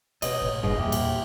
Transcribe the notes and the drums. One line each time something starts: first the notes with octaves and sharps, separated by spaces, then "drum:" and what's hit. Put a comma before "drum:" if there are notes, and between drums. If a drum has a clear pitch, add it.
B2 B4 C#5 D#5, drum: cymbal
A2 D3
F#1 B1 G2 G#4 D#5
E2 A#2 E4 G4
drum: cymbal